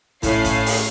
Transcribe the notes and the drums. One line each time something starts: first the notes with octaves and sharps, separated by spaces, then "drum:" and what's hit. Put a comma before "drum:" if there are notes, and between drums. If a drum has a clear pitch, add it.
A2 C#4 F5 C7, drum: kick, hi-hat
drum: kick, hi-hat
drum: open hi-hat